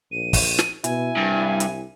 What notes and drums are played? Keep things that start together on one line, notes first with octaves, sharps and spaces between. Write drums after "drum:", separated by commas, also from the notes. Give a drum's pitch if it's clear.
A#1 D#7
drum: kick, open hi-hat
drum: snare
B2 E4 G#5, drum: hi-hat
C2 G2
drum: hi-hat